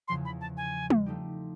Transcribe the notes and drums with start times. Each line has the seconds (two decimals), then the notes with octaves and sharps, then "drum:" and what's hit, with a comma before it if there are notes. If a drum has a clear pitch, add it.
0.08 E2 C#3 F3 C6
0.25 B5
0.41 A5
0.57 G#5
0.90 drum: tom
1.06 F3 A3 C4 D#4 G4